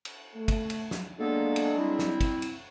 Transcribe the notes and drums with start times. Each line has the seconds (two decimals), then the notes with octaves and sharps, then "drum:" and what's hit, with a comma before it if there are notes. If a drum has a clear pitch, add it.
0.05 drum: cymbal
0.35 A3
0.48 drum: kick, cymbal
0.70 drum: cymbal
0.91 drum: snare
1.19 F#3 G#3 A#3 B3 D4 A4
1.56 drum: cymbal
1.77 G3 C4 E4
1.99 drum: snare
2.21 drum: kick, cymbal
2.42 drum: cymbal